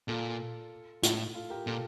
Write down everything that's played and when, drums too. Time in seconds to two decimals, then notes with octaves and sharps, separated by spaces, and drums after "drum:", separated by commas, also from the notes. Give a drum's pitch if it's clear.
0.08 A#2 F4 A4
1.03 A2, drum: hi-hat
1.34 F4 A4
1.50 G4 A#4
1.67 A#2 F4 A4